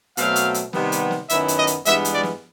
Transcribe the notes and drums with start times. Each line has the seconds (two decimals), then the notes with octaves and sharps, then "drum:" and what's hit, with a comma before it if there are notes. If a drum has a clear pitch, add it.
0.17 B2 F#3 A3 C4 F5, drum: hi-hat
0.36 drum: hi-hat
0.54 drum: hi-hat
0.73 C3 D#3 G3 B3, drum: snare
0.92 drum: hi-hat
1.11 drum: snare
1.29 F#2 D#3 F#3 B3 E4 E5, drum: hi-hat
1.48 drum: hi-hat
1.58 D#5
1.67 drum: hi-hat
1.85 G2 E3 G#3 B3 E5, drum: hi-hat
2.05 drum: hi-hat
2.14 D5
2.23 drum: snare